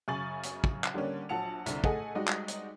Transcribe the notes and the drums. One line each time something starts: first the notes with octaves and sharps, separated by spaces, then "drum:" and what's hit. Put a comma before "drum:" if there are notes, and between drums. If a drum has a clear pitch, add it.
F#2 C#3 G#5 C#6 A6 F#7
drum: hi-hat
drum: kick
drum: clap
D3 G3 A#3 C#4
A#1 F#3 F#5 A5 C#7 F7
C2 D3, drum: hi-hat
A3 G#4 A4 D#5 F#5 G#5, drum: kick
G3 G#3 D#4 F#4
drum: clap
drum: hi-hat